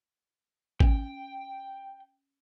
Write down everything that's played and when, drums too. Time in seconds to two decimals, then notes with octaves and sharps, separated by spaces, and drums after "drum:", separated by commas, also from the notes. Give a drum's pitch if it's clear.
0.80 C#4 G5, drum: kick